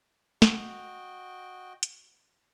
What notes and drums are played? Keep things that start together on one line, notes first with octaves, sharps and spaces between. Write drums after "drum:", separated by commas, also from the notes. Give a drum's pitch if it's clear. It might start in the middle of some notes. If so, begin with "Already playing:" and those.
F#4 D#5 G5, drum: snare
drum: hi-hat